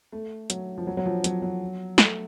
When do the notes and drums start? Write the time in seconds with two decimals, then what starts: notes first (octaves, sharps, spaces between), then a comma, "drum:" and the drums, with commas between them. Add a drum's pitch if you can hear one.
0.12 A3
0.50 F#3, drum: hi-hat
0.78 F3
0.87 F#3
0.97 F#3
1.06 F3
1.24 F#3, drum: hi-hat
1.42 F#3
1.98 A3, drum: snare